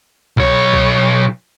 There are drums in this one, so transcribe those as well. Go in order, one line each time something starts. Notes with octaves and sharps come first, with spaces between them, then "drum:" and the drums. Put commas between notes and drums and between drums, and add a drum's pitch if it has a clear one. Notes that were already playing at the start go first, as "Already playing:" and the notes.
B1 C#5, drum: kick C2
drum: kick C2